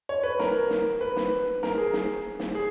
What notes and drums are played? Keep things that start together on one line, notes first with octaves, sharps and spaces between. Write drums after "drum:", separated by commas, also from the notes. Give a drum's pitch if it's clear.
C#5
B4
A#4, drum: snare
drum: snare
B4
drum: snare
A#4, drum: snare
G#4
drum: snare
drum: snare
G#4